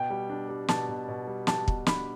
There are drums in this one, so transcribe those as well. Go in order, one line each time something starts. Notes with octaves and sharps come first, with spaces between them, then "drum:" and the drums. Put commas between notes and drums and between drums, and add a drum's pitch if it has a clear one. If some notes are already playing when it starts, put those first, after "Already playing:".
Already playing: B2 G5
G3
D4
G3
B2 A5, drum: snare
B2
B2
G3
B2 A5, drum: snare
B2, drum: kick
D4 B5, drum: snare